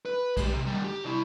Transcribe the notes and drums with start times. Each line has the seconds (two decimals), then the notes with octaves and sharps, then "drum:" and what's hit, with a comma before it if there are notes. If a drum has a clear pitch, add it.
0.05 B4
0.37 G#3 G4, drum: kick B1, cymbal
0.53 C3
0.66 D#3 G3
0.84 G4
1.05 C2 E4